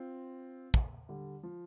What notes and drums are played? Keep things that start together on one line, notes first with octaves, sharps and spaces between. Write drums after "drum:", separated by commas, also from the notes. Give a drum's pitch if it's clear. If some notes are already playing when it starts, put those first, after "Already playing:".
Already playing: C4 F4
drum: kick
D3 G3
F3